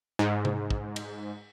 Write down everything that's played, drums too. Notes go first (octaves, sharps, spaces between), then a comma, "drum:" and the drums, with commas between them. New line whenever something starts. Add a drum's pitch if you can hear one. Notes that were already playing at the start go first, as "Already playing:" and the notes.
G#2
drum: tom C3
drum: kick
drum: cymbal